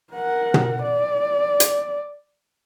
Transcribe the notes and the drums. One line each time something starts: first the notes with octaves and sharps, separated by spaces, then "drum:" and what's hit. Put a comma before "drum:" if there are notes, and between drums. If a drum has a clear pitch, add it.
A#4 F#5
drum: tom
D5
drum: hi-hat